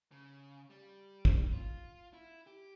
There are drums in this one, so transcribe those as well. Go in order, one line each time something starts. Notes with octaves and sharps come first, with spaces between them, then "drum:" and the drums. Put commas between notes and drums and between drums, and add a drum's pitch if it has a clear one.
C#3
G3
drum: kick
F4
E4
G4